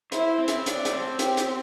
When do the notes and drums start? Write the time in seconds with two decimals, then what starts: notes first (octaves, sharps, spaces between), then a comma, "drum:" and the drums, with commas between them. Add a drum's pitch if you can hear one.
0.12 E4 C5, drum: hi-hat
0.38 C4
0.48 drum: hi-hat
0.66 D4, drum: hi-hat
0.85 A3, drum: hi-hat
0.93 C4
1.19 G4, drum: hi-hat
1.37 drum: hi-hat